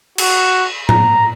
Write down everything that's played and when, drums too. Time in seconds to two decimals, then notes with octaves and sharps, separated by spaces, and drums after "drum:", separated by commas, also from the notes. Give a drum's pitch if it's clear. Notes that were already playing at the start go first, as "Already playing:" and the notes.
0.18 F#4, drum: cymbal
0.89 A#5, drum: tom A2